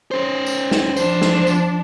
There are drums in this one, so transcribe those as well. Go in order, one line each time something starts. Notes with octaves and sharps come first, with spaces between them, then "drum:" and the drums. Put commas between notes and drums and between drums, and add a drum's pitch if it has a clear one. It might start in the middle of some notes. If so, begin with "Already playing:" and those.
C#4 C5
drum: tambourine
drum: snare
E2 F3 D4 C5, drum: tambourine
drum: snare
drum: tambourine